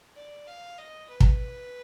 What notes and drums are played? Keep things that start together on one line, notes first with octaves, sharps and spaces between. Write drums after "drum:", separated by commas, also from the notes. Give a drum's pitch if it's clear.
D5
F5
D#5
B4
drum: kick